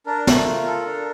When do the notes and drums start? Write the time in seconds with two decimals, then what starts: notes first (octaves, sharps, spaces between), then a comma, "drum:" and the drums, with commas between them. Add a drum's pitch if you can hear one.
0.07 D4 A#4
0.27 A3, drum: snare
0.46 F4
0.66 A4
0.86 D4